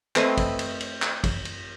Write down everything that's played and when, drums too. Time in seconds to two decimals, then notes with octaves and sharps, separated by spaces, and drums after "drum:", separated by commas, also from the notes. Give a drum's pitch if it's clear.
0.16 A3 C4 B4 D#5, drum: clap
0.37 drum: kick, cymbal
0.59 drum: cymbal
0.81 drum: cymbal
1.02 drum: clap
1.24 drum: kick, cymbal
1.45 drum: cymbal